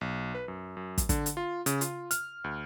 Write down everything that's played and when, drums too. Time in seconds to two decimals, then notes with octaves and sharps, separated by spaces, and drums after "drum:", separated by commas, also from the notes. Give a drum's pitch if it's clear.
0.01 B1
0.35 B4
0.48 F#2
0.77 F#2
0.98 drum: kick, hi-hat
1.09 D3, drum: kick, hi-hat
1.26 drum: hi-hat
1.37 F4
1.66 C#3, drum: hi-hat
1.81 F4, drum: hi-hat
2.11 F6, drum: hi-hat
2.44 D2